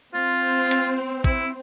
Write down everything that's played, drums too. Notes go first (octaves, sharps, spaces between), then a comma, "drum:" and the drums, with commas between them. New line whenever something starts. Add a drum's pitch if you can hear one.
C4 F4
drum: hi-hat
E4, drum: kick